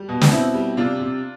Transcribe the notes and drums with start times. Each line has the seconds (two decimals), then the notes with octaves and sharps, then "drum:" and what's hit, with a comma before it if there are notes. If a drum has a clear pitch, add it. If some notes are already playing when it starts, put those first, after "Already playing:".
Already playing: G3
0.09 B2
0.21 drum: snare
0.31 B2 C4 E4
0.54 G3
0.77 C3 D4 F4
1.00 C3